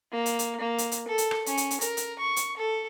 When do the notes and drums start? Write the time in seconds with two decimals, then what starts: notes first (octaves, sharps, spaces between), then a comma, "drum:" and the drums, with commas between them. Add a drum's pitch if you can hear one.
0.13 A#3
0.26 drum: hi-hat
0.39 drum: hi-hat
0.61 A#3
0.78 drum: hi-hat
0.92 drum: hi-hat
1.08 A4
1.18 drum: hi-hat
1.31 drum: rim click
1.46 C#4, drum: hi-hat
1.57 drum: hi-hat
1.71 drum: hi-hat
1.81 A#4, drum: hi-hat
1.97 drum: hi-hat
2.19 C#6
2.36 drum: hi-hat
2.57 A4